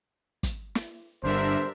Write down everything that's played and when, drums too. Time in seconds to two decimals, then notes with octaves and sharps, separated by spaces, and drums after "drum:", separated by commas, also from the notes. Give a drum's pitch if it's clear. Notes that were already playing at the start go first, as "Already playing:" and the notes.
0.43 drum: kick, hi-hat
0.75 drum: snare
1.23 G1 G2 D4 A#4 C5 E5